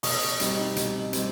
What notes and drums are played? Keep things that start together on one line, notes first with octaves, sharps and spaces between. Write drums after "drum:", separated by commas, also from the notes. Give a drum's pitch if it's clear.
B2 C#6 D#6, drum: open hi-hat
G3 C4 D#4, drum: hi-hat
B2, drum: hi-hat
G3 C4 D#4, drum: hi-hat